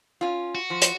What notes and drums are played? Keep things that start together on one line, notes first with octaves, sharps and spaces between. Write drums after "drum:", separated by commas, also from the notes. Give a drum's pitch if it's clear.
C#4 F4
F#4
F3
drum: hi-hat